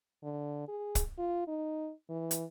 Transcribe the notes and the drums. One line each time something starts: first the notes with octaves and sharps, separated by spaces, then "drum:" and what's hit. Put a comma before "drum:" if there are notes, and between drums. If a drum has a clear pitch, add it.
D3
G#4
drum: kick, hi-hat
F4
D#4
E3
drum: hi-hat